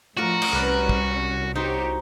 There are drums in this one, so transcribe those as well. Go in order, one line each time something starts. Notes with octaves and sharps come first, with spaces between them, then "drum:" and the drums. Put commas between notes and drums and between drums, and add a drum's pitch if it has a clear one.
A2 F3 F4 F#4 A#4 D5
drum: cymbal
C2 G3 C#4 A#4 B4 D5
drum: kick
D#4 F#4 G4 C5 C#5